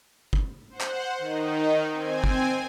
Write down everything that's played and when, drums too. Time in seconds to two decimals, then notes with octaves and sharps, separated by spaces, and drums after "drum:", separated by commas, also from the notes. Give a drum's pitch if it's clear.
0.33 drum: kick
0.70 C5 F#5
0.81 drum: clap
1.19 D#3 D#4
1.92 C4 G#5
2.24 drum: kick